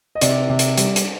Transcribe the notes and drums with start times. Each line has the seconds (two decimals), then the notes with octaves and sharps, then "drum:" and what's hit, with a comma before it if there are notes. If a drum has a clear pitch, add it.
0.15 D#5
0.21 C3 D5, drum: hi-hat
0.50 C3
0.59 drum: hi-hat
0.78 G3, drum: hi-hat
0.96 drum: hi-hat